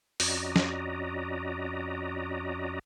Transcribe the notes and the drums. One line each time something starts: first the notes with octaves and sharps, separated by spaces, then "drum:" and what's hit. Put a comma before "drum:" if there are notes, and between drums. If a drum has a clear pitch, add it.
F2 C#4 F#4 D5 D#5 A#5, drum: open hi-hat
drum: snare